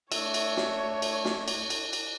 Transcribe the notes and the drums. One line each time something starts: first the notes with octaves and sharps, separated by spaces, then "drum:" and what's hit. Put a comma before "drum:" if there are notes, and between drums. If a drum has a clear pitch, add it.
A3 D4 C#5 E5, drum: cymbal
drum: cymbal
drum: snare
drum: cymbal
drum: snare
drum: cymbal
drum: cymbal
drum: cymbal